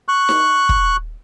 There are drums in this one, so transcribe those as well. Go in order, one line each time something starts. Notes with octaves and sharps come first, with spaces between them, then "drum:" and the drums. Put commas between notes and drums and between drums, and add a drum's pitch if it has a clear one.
C#6 F#6
drum: snare D#4
drum: kick